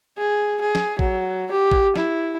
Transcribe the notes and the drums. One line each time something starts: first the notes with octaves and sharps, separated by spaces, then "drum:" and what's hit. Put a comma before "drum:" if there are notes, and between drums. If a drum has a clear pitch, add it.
G#4
G#4
drum: snare
F#3, drum: kick
G4
drum: kick
E4, drum: snare